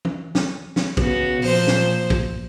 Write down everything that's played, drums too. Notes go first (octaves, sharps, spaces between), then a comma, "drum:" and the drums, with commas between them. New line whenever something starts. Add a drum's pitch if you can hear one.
drum: tom E3
drum: snare
drum: snare
C#3 B3 F#4, drum: kick
A#2 F3 C5, drum: open hi-hat
drum: snare
drum: kick